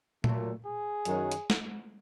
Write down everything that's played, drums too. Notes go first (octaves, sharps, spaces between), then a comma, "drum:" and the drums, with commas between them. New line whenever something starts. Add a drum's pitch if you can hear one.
A#2 F#3 A3, drum: tom A#2
G#4
F#2 D#3 F#3, drum: hi-hat
drum: hi-hat
drum: snare